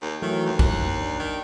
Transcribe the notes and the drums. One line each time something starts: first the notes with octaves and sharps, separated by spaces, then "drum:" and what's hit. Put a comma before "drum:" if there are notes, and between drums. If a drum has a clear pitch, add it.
D#2
D#3 E3 F#3 A3
D#2
F#2 F#6, drum: kick
D4
D#3